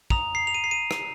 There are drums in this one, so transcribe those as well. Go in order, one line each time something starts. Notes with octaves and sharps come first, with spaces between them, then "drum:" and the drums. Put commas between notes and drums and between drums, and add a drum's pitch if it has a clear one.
A#5 D#6 F7, drum: kick
C7
F7
D#7
C7
D#7
drum: rim click